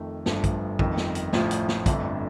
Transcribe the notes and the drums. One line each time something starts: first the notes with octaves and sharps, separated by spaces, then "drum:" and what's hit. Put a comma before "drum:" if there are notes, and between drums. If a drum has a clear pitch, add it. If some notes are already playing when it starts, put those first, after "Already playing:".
Already playing: F2 D#3 A3
G1 G2 F3 A3 D4, drum: snare
drum: kick, hi-hat
G1 F2 D#3, drum: kick
drum: snare
drum: hi-hat
A1 A2 F3, drum: snare
drum: hi-hat
drum: snare
G1 F2 D3 A3 D4, drum: kick, hi-hat